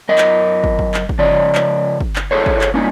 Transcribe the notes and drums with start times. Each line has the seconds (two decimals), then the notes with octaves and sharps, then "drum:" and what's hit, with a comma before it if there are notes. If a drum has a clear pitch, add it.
0.09 F#2 A#4 D#5
0.18 drum: clap
0.64 drum: kick
0.79 drum: kick
0.94 drum: clap
1.09 drum: kick
1.19 C#3 F3 D5
1.55 drum: clap
2.01 drum: kick
2.16 drum: clap
2.31 F#4 G#4 A4 C5 C#5
2.46 drum: kick
2.61 drum: clap
2.74 A#3 C#4 D#4